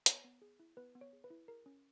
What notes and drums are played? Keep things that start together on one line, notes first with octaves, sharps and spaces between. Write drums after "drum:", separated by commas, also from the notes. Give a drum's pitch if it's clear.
B3 C#5, drum: hi-hat
B3
G#4
E4
B3 B4
B3
C#5
G#4
B4
E4
G#4 A#4
C#4